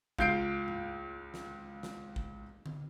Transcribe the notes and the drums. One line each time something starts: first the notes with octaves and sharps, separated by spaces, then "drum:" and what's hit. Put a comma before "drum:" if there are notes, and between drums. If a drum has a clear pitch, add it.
C#2 F4 G6 C7 D7, drum: kick A1
drum: tom G2
drum: snare
drum: snare
drum: kick A1
drum: tom D3